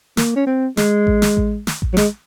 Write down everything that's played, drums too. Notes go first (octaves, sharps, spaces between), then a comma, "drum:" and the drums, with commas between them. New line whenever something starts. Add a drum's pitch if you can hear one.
A#3, drum: snare
C#4
C4
G#3, drum: snare
drum: kick A1
drum: snare
drum: kick A1
drum: snare
drum: kick A1
F#3
G#3, drum: snare